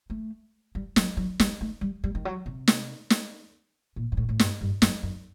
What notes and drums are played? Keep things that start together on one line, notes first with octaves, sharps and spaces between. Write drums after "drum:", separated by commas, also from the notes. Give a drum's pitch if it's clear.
A3
G3
F#3, drum: snare
F#3
G3, drum: snare
A3
G3
G3
D#3
F#3
C3
drum: snare
drum: snare
A#2
G2
A2
A2
G2, drum: snare
G2
F#2, drum: snare
F#2